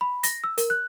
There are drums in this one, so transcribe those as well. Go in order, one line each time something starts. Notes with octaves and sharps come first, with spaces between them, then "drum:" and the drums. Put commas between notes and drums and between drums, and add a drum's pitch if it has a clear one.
B5
A#6, drum: hi-hat
E6
A#4, drum: hi-hat
F#6